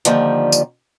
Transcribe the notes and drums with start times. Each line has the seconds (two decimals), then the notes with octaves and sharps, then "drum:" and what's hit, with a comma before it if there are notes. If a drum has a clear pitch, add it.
0.05 D3 D#3 F3 G3 A#3, drum: hi-hat
0.52 drum: tambourine